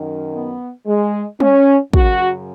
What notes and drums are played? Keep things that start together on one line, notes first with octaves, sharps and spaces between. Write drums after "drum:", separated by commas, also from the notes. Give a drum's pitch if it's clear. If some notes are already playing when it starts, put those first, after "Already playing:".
Already playing: F#2 D#3
B3
G#3
C#4, drum: tom G3
F#2 C#3 F#4, drum: kick